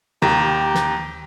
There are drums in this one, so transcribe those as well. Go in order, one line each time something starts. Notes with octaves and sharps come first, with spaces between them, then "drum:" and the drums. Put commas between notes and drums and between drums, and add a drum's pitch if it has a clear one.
D#2 G4 A#5, drum: tom C3
drum: snare